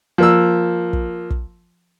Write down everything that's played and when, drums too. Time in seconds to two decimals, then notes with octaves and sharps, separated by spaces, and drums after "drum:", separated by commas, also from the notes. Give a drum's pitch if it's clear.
0.18 F3 A#3 E6
0.93 drum: kick
1.30 drum: kick